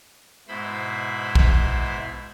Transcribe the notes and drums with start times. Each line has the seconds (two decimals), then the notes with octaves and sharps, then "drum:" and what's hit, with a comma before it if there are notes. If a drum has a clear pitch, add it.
0.48 G#2 B2 E4 C5 B5
1.35 drum: kick